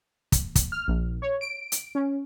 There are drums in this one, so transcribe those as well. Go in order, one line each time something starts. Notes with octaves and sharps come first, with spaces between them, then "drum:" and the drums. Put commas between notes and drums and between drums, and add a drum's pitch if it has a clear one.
drum: kick, hi-hat
drum: kick, hi-hat
F6
A#1
C#5
D7
drum: hi-hat
C#4